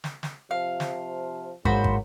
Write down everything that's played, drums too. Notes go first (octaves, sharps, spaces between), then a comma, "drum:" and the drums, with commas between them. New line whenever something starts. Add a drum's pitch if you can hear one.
drum: snare
drum: snare
C3 F3 F5
drum: snare
E2 G#2 F#3 A#3 F#4 C5 B5, drum: kick
drum: kick